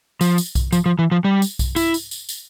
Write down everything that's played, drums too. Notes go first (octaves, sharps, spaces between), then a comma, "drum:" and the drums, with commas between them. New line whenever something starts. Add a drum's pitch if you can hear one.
F3, drum: tambourine
drum: tambourine
drum: kick B1, tambourine
F3, drum: tambourine
F3
E3
F3
G3
drum: tambourine
drum: kick B1, tambourine
E4, drum: tambourine
drum: tambourine
drum: tambourine
drum: tambourine